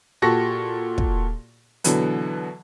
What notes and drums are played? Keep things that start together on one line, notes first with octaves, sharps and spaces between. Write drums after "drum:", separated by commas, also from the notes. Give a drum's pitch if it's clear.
A#2 F#4 G4 A4 C#6 A#6
drum: kick
B2 D3 E3 F#3 B3, drum: hi-hat